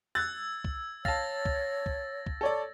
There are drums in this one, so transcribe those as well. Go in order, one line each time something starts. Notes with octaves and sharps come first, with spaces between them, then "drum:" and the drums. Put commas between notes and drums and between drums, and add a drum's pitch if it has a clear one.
E6 F#6 G#6 A6
drum: kick
C#5 F5 A5 A6 A#6, drum: kick
drum: kick
drum: kick
drum: kick
A4 C#5 D5